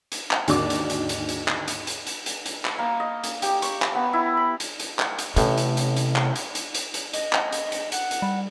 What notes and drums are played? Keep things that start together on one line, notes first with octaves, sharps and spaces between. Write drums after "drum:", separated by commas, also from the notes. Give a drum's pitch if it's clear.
drum: hi-hat
drum: clap
D#2 G#2 D3 F#4 D5 D6, drum: hi-hat
drum: hi-hat
drum: hi-hat
drum: hi-hat
drum: hi-hat
drum: clap
drum: hi-hat
drum: hi-hat
drum: hi-hat
drum: hi-hat
drum: hi-hat
drum: clap
A#3
D#5
drum: hi-hat
G4, drum: hi-hat
C#6, drum: hi-hat
drum: clap
B3
E4
B5
drum: hi-hat
drum: hi-hat
drum: clap
drum: hi-hat
A1 A2 C3, drum: hi-hat
drum: hi-hat
drum: hi-hat
drum: hi-hat
drum: clap
drum: hi-hat
drum: hi-hat
drum: hi-hat
drum: hi-hat
D#5, drum: hi-hat
drum: clap
drum: hi-hat
drum: hi-hat
F#5, drum: hi-hat
drum: hi-hat
G3